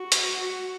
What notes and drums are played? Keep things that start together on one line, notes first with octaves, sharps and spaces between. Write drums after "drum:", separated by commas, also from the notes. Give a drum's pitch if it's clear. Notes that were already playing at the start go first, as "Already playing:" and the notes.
Already playing: F#4
drum: hi-hat